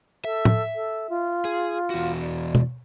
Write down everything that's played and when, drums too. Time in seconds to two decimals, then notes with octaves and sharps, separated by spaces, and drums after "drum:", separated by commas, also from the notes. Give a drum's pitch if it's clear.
0.25 A4 E5
0.45 drum: tom
0.75 A4
1.09 F4
1.45 G#4
1.90 E2 F#4
2.21 D5
2.55 drum: tom